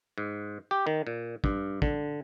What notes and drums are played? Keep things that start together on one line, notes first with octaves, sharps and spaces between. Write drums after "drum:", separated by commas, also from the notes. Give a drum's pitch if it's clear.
G#2
G4
D#3
A#2
G2, drum: kick
D3, drum: kick